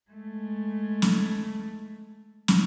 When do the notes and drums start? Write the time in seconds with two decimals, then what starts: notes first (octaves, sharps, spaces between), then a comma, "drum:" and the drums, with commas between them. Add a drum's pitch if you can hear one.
0.11 G#3 A3
1.02 drum: snare
2.48 drum: snare